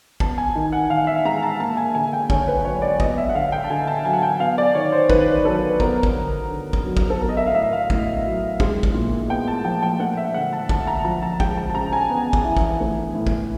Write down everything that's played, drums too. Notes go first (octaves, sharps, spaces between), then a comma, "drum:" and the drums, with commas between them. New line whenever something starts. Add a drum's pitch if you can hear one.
B3 A5, drum: kick
G#5
D#3
F#5
D#3 F5
E5
G#3 A#5
A5
A#3 A5
G#5
D3 G#5
G5
D3 C#5, drum: kick
B4
F#3 C#5
D5
B3 D#5, drum: kick
E5
F#5
D3 F5
G5
A5
D3 G#5
A5
F#3 G#5
F#5
G5
B3 F5
D5
D#3 C#5
C5
D#3 B4, drum: kick
F#3 A4
B3 A#4, drum: kick
drum: kick
D3
D3
drum: kick
F#3
drum: kick
A4
B3 A#4
D#5
E5
F5
A2 E5
F5
A2, drum: kick
F#3
G#3, drum: kick
drum: kick
A#2
B3 G5
A5
F3 G5
G5
A3 F#5
E5
D3 F#5
A5
D3 A5, drum: kick
A#5
F3 A#5
A5
G#3 G5, drum: kick
A5
A5
C#3 A#5
G#5
B3
drum: kick
E3
drum: kick
A3
A2
drum: kick